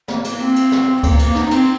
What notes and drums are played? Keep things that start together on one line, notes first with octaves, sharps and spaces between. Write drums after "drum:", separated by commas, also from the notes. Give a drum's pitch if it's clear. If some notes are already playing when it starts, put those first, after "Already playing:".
A#3, drum: snare
A#3, drum: cymbal
C4
drum: cymbal
drum: snare
C4
A#3, drum: kick C#2, cymbal
A#3, drum: cymbal
D#4, drum: snare
C4, drum: cymbal